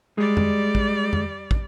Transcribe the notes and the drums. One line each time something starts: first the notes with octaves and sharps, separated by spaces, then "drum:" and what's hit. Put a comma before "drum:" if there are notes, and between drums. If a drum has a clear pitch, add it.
G3 G#3 D5
drum: tom F2
drum: kick
drum: tom F2
drum: kick